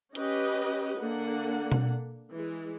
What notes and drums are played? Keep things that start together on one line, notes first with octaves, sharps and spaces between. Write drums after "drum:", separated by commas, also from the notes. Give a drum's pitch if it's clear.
C#4 G4 B4 D#5, drum: hi-hat
D3 A#3 D4 F#5
drum: tom B2
E3 G#3